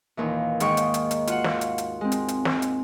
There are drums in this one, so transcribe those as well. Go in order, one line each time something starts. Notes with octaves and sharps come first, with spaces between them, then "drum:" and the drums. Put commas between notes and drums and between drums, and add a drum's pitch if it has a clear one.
D#2 A#2 E3
G#2 D#3 A#3 D#4 G5 C#6, drum: hi-hat
drum: hi-hat
drum: hi-hat
drum: hi-hat
F4 F#4 F#5, drum: hi-hat
drum: snare
drum: hi-hat
drum: hi-hat
G#3 C4
drum: hi-hat
drum: hi-hat
drum: snare
drum: hi-hat